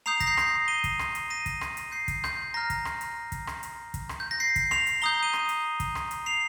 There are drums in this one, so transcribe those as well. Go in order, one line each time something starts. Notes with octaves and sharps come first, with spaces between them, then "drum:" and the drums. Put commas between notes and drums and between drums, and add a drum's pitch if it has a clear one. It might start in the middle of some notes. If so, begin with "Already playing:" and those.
A#5 D#6 G6 C7 F7
A#6, drum: kick, hi-hat
G6 C7
drum: rim click
A#6
D#7 G7
drum: kick, hi-hat
drum: rim click
drum: hi-hat
A#6 D#7
drum: kick, hi-hat
drum: rim click
drum: hi-hat
G6 C7
drum: kick, hi-hat
G6, drum: rim click
A#5 F6 A#6
drum: kick, hi-hat
drum: rim click
drum: hi-hat
drum: kick, hi-hat
drum: rim click
drum: hi-hat
drum: kick, hi-hat
drum: rim click
G6
A#6
G6 C7
drum: kick, hi-hat
C7 F7, drum: rim click
drum: hi-hat
A#5 D#6 G6 G7
D#7 G7
drum: rim click
drum: hi-hat
drum: kick, hi-hat
drum: rim click
drum: hi-hat
C7 F7